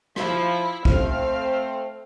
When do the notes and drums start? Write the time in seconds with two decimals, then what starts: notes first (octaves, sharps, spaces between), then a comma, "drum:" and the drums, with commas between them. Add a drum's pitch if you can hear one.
0.16 F3 E4, drum: rim click
0.85 A3 C4 F5, drum: kick